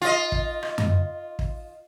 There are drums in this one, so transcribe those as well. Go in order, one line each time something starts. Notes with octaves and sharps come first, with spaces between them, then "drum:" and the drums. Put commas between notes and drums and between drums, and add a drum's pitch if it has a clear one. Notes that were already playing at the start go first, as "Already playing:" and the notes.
F4 D#5
drum: kick
drum: rim click
drum: tom F#2
drum: kick